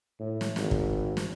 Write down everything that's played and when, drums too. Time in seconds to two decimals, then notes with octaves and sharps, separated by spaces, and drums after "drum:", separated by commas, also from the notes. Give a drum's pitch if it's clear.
0.20 A2
0.41 drum: snare
0.56 G#1, drum: snare
0.71 drum: kick
1.17 drum: snare